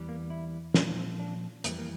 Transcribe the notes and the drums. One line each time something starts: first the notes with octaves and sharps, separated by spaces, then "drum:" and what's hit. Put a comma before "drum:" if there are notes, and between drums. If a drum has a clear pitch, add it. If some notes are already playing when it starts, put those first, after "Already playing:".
Already playing: E2 E3 G3
A#3
E4
A#2 F3 D4, drum: snare
C4
D4
F2 E3 G3 A#3, drum: hi-hat
A#3